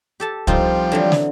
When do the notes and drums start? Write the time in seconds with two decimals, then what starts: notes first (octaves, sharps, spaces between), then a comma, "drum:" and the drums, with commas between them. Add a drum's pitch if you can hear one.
0.20 G4 A4 A5
0.47 F3 G3 C4 D#4 F4, drum: kick C2
0.92 D3 E3 F#3
1.12 drum: snare